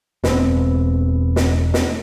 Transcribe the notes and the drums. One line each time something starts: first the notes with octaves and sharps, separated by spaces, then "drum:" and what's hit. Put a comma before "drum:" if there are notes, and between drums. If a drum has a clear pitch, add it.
E1 B3 C4, drum: snare
drum: snare
drum: snare